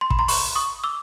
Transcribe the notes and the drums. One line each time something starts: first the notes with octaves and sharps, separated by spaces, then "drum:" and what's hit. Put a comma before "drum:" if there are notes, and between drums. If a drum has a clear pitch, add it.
C6
B5, drum: kick
A#5 C6
B5 C#6, drum: open hi-hat
C#6 D#6
D6 E6